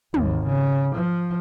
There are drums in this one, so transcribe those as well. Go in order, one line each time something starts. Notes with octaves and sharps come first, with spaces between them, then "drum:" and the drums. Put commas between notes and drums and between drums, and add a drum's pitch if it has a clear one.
G#1 D#2, drum: tom
C#3
F3